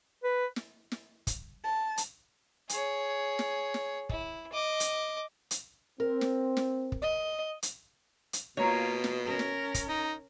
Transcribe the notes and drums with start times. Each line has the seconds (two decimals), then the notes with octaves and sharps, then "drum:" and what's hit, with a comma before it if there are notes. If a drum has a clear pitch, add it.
0.23 B4
0.56 drum: snare
0.92 drum: snare
1.27 drum: kick, hi-hat
1.64 A5
1.97 drum: hi-hat
2.69 G#4 C#5, drum: hi-hat
3.39 drum: snare
3.74 drum: snare
4.09 E4, drum: kick
4.52 D#5 D6
4.80 drum: hi-hat
5.51 drum: hi-hat
6.00 C4 A#4
6.21 drum: snare
6.57 drum: snare
6.92 drum: kick
7.02 D#5
7.63 drum: hi-hat
8.33 drum: hi-hat
8.57 B2 A#3 F4 C#5 A#5
9.04 drum: snare
9.25 C#4 A#4
9.39 drum: snare
9.74 drum: kick, hi-hat
9.89 D#4